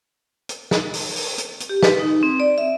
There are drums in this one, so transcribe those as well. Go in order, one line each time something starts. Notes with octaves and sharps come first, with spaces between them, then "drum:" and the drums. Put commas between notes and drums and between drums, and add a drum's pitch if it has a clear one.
drum: hi-hat
drum: snare
drum: open hi-hat
drum: open hi-hat
drum: hi-hat
drum: hi-hat
G4
B4, drum: snare
D#4
C4
D5
E5